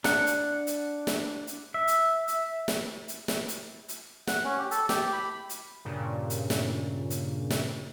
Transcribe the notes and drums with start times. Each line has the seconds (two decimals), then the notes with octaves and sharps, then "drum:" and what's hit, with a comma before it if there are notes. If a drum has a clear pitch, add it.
0.04 D4 F#5, drum: snare
0.27 drum: hi-hat
0.67 drum: hi-hat
1.07 drum: snare
1.47 drum: hi-hat
1.74 E5
1.87 drum: hi-hat
2.28 drum: hi-hat
2.68 drum: snare
3.08 drum: hi-hat
3.28 drum: snare
3.48 drum: hi-hat
3.89 drum: hi-hat
4.27 F#5, drum: snare
4.45 C#4
4.58 G4
4.71 A4, drum: hi-hat
4.89 G4, drum: snare
5.13 B5
5.49 drum: hi-hat
5.85 G2 A#2 C#3
6.30 drum: hi-hat
6.50 drum: snare
7.10 drum: hi-hat
7.50 drum: snare